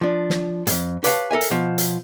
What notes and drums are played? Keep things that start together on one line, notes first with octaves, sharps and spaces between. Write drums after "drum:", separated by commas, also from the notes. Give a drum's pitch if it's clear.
F3 D4
drum: snare
F2 G#2, drum: hi-hat
G4 B4 C#5 F5 F#5 A5, drum: hi-hat
A4 A#4 E5 G#5
drum: hi-hat
B2 F3
drum: hi-hat